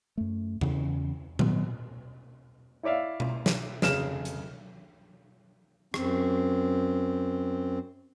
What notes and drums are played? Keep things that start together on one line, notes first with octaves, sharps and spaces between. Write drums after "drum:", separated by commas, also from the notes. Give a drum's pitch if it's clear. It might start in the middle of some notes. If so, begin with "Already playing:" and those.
F#2 A3
E2 C#3, drum: tom E2
D#3 F#3 B3, drum: tom A#2
E4 C#5 D5 E5 F5
drum: tom B2
drum: snare
F1 C#3 G#4 F6 E7, drum: snare
drum: hi-hat
F#2 C4, drum: rim click